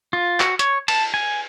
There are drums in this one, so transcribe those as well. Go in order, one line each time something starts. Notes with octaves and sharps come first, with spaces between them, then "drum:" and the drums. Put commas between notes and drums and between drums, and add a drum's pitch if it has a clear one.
F4
F#4, drum: clap
C#5, drum: hi-hat
A5, drum: cymbal
G#5